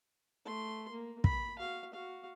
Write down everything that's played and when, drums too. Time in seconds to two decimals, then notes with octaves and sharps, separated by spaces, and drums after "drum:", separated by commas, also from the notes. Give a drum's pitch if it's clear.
0.46 A3 C6
0.91 A#3
1.24 B5, drum: kick
1.58 F#4 F5
1.93 F#4 F5